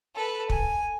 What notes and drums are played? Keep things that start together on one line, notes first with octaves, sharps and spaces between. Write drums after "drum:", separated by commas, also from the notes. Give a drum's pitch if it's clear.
A4 B4
G#5, drum: kick